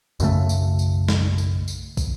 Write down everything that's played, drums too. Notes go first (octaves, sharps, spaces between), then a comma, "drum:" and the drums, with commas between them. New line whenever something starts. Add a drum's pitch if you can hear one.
B1 F#2 C#3 A3, drum: tambourine
drum: tambourine
drum: tambourine
drum: snare
drum: tambourine
drum: tambourine
drum: kick, tambourine